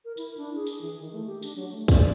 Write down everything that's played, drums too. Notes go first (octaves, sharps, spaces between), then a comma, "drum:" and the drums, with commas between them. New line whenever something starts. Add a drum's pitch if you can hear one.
A#4
E4, drum: tambourine
D4
G#4
drum: tambourine
E3
D#3
A3
G4
D4, drum: tambourine
F#3
A3
D5, drum: kick, tambourine